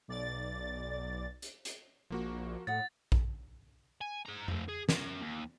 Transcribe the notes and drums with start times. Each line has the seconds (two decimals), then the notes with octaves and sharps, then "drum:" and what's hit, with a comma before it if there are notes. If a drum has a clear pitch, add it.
0.08 B1 D5 A6
1.42 drum: hi-hat
1.65 drum: hi-hat
2.10 A#1 F3 A#3 F#4
2.67 A2 F#5 D#6 A6
3.12 drum: kick A#1
4.01 G#5
4.26 G#4 A#5
4.48 A3 C4, drum: tom F2
4.68 G#4
4.89 C#4 A#4, drum: snare
5.21 D#2